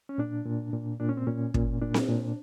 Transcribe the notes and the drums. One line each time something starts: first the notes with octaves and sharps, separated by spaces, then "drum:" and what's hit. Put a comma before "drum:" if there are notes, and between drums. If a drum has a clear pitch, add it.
C#4
A#2 D4
A#2
A#2
A#2 D4
C#4
C4
A#2 C#4
A#2, drum: kick
A#2 D4
drum: snare C4
A#2